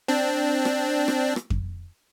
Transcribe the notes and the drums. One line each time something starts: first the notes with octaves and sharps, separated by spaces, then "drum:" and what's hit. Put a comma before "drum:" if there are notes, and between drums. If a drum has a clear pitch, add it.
C4 D4
drum: rim click
drum: rim click
drum: rim click
drum: kick F2